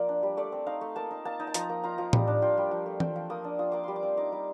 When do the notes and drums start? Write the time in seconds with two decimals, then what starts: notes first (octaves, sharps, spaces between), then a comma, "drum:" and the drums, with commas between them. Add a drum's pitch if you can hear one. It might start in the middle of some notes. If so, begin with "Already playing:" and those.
Already playing: F3 A#3 C4 F4 D5
0.09 D4
0.23 G3
0.37 A3 D5
0.52 C4
0.66 D#4 F5
0.81 A3
0.96 A#3 A5
1.11 D#4
1.25 A#3 A5
1.40 D#4
1.47 A5
1.54 F3 A#5, drum: hi-hat
1.69 A#3
1.83 F4 A#5
1.98 F3
2.13 G3, drum: tom A2
2.27 D4
2.42 F4 G5
2.57 G3
2.71 F3
2.86 A3
3.00 C4 G5, drum: tom E3
3.16 F3
3.30 A#3 D#6
3.44 D4
3.59 F4 D#6
3.72 A#3 D6
3.83 G3 C6
3.96 D6
4.03 C4
4.17 D#4 D6
4.32 G3